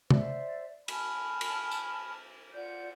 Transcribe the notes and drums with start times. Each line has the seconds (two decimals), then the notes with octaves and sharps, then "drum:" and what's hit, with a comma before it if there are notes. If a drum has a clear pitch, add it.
0.10 C5 D5 E5, drum: tom C3
0.88 G#5 A5 B5 F6, drum: cymbal
1.41 drum: cymbal
1.71 drum: tambourine
2.54 F4 D5 F#5 G6